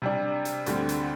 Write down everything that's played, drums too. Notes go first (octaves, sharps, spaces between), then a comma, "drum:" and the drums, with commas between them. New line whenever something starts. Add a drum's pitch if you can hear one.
C3 G3 D4
drum: hi-hat
D2 D3 G3 C4, drum: hi-hat
drum: hi-hat